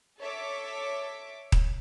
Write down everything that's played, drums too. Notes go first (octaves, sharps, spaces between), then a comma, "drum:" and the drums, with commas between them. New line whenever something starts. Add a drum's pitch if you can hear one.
A4 C#5 E5 D6
drum: kick D#1